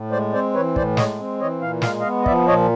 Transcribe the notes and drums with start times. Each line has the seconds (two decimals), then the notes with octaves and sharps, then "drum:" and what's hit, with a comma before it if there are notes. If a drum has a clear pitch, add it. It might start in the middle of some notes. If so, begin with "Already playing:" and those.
Already playing: A2
0.11 G#3 C5 D5
0.33 C4 C5 D5
0.54 E3 B4 C#5
0.76 A2 C5 D5, drum: kick
0.97 G#3 C#5 D#5, drum: snare
1.19 C4
1.41 E3 C#5 D#5
1.62 A#2 F5
1.82 G#3 F5, drum: snare
2.00 D#5 F5
2.05 B3
2.22 D#5
2.26 F3 D5 E5, drum: kick
2.47 A#2 C#5 D#5